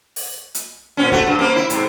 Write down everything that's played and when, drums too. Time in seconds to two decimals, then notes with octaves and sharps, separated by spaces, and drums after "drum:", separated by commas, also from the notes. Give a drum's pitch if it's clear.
0.16 drum: open hi-hat
0.55 drum: hi-hat
0.97 A#2 C4 C#4
1.12 A3 F#4, drum: kick
1.27 G2
1.39 A#3 C4 C#4
1.56 E4
1.70 G#2 C3, drum: hi-hat